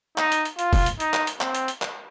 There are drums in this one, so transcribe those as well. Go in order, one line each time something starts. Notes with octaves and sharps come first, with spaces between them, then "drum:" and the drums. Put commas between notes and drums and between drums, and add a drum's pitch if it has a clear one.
D#4, drum: clap
drum: hi-hat
drum: hi-hat
F4, drum: hi-hat
drum: kick, open hi-hat
drum: hi-hat
D#4, drum: hi-hat
drum: clap
drum: hi-hat
C4, drum: clap
drum: hi-hat
drum: hi-hat
drum: clap